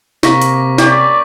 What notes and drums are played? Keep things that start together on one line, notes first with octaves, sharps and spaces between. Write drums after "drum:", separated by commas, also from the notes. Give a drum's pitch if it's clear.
C3 A#3 C#6 A#6 B6, drum: snare
drum: hi-hat
C#4 G4 D5, drum: snare